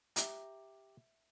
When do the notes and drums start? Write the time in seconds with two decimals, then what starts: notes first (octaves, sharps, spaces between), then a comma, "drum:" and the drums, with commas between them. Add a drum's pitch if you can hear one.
0.16 G4 E5 A#5, drum: hi-hat